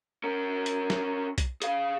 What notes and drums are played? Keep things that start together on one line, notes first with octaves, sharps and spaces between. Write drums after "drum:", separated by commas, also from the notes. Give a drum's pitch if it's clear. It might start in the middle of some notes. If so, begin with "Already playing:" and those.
C#4 A#4
drum: hi-hat
drum: snare
drum: kick B1, hi-hat
G#4 F5, drum: hi-hat